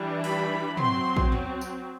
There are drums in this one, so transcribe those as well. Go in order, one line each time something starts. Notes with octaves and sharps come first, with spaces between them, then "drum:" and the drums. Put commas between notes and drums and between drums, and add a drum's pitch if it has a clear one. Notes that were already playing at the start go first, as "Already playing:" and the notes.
Already playing: E3 G3 D4
B5, drum: open hi-hat
F#3 C4 C6, drum: tom
drum: kick A#1
drum: tom
drum: tambourine